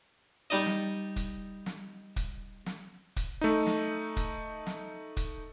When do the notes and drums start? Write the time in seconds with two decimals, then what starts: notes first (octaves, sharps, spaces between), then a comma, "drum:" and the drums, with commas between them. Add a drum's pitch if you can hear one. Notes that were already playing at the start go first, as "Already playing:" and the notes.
0.50 G3 D#4 D5 D#5
0.66 drum: snare
1.16 drum: kick, hi-hat
1.66 drum: snare
2.16 drum: kick, hi-hat
2.66 drum: snare
3.16 drum: kick, hi-hat
3.41 A3 D#4
3.66 drum: snare
4.17 drum: kick, hi-hat
4.67 drum: snare
5.17 drum: kick, hi-hat